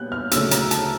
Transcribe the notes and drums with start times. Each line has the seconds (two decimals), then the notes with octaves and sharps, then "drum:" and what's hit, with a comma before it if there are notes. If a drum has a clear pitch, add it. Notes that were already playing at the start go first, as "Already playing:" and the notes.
Already playing: A#2 G3 B3 F#6 G6
0.12 F6
0.31 D2 C#3 F#3 A3 E6, drum: hi-hat
0.51 A#5, drum: hi-hat
0.71 A5, drum: hi-hat